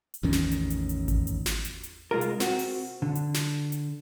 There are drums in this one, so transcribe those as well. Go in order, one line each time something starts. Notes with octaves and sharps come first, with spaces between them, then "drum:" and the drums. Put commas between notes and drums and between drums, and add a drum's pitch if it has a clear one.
drum: hi-hat
A1 E2 D#3 C#4
drum: snare
drum: hi-hat
drum: hi-hat
drum: hi-hat
drum: kick G#1, hi-hat
drum: hi-hat
drum: snare
drum: hi-hat
drum: hi-hat
C2 G#3 F4 A#4
drum: hi-hat
C4 F#4, drum: snare
drum: open hi-hat
D3
drum: hi-hat
drum: snare
drum: hi-hat